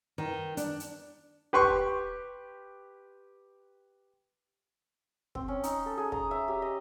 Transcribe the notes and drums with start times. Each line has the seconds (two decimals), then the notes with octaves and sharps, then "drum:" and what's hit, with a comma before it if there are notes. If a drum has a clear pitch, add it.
0.18 D#3
0.57 D4, drum: hi-hat
0.80 drum: hi-hat
1.53 G4 B4 C6 C#6
1.62 drum: kick
5.35 C4, drum: kick
5.48 C#4
5.63 D#4, drum: hi-hat
5.86 A4
5.98 G#4
6.12 A#5, drum: kick
6.31 E5
6.48 G4
6.62 D#5